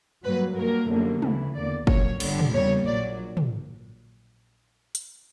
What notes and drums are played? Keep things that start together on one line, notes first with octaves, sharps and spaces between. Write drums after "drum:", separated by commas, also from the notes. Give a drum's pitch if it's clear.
G2 F#3 A#3 B4
G2 F#3 A#3 A#4
G1 F#2 D3 A#3
D2 C#3 E3, drum: tom
E2 D3 A#3 D5
A#1 A#2 F#3 A#3 C#5, drum: kick
G1 G2 D3 G3, drum: cymbal
drum: tom
E2 C#3 G3 A#3 C#5
A#1 A#2 F#3 D5
drum: tom
drum: hi-hat